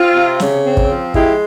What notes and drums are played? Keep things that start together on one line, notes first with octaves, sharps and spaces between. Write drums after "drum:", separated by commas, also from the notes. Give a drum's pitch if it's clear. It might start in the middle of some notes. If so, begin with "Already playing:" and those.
Already playing: C4 F4
C3
C#3, drum: snare
C4
drum: kick
F3
G#3 E4 G4, drum: kick